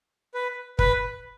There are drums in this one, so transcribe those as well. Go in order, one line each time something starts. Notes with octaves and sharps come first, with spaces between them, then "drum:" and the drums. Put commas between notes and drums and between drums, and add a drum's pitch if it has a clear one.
B4
B4, drum: kick